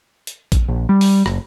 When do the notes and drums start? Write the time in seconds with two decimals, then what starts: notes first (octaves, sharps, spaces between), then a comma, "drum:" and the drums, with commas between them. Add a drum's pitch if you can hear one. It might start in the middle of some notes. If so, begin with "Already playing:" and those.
0.27 drum: hi-hat
0.52 drum: kick A#1, hi-hat
0.68 A#1
0.89 G3
1.01 drum: open hi-hat
1.26 F#1, drum: rim click